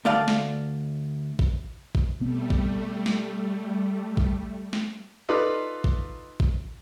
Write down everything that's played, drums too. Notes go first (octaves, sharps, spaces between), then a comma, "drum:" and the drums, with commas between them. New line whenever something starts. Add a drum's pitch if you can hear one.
D2 A3 D5 F5 A5
drum: snare
drum: kick A1
drum: kick A1
B2 G3 A3 B3 C4
drum: kick A1
drum: snare
drum: kick A1
drum: snare
D#4 F4 A4 B4 D5
drum: kick A1
drum: kick A1